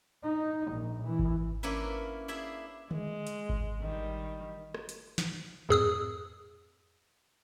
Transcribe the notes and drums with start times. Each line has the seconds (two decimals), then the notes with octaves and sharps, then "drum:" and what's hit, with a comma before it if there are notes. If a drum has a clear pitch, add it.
0.24 D#4
0.72 A#1
1.03 E3
1.19 drum: kick G#1
1.63 A#3 C#4 D4 E4 B4
2.28 D4 E4 G#4 E5
2.91 G#3, drum: tom D3
3.27 drum: hi-hat
3.49 drum: kick G#1
3.81 D#3 G3
4.74 drum: rim click
4.89 drum: hi-hat
5.18 drum: snare
5.69 F2 G#4 D#6 E6, drum: tom G#2